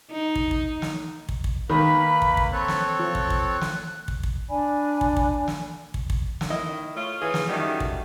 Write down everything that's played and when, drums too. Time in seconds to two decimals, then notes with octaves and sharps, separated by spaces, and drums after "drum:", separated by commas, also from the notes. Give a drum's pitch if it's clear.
0.12 D#4
0.36 drum: kick
0.51 drum: kick
0.82 drum: snare
1.29 drum: kick
1.44 drum: kick
1.69 D#3 A#3 D#4 B4 B5
2.22 drum: kick
2.37 drum: kick
2.52 C4 A4 C#5 F#6
2.68 drum: snare
2.99 F3 F#6
3.15 drum: kick
3.30 drum: kick
3.61 drum: snare
4.08 drum: kick
4.23 drum: kick
4.50 D4 D5 G#5 B5
5.01 drum: kick
5.17 drum: kick
5.48 drum: snare
5.94 drum: kick
6.10 drum: kick
6.41 drum: snare
6.50 D#3 E4 D#5
6.96 A3 F4 C#5
7.22 E3 G#4
7.34 drum: snare
7.49 F#2 D#3 G3 A3 F#4
7.80 drum: kick